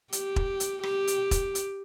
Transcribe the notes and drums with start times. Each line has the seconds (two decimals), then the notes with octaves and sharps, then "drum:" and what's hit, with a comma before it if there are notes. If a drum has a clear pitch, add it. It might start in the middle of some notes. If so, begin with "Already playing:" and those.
0.12 G4, drum: hi-hat
0.36 drum: kick E1
0.60 drum: hi-hat
0.83 G4, drum: rim click
1.07 drum: hi-hat
1.31 drum: kick E1, hi-hat
1.55 drum: hi-hat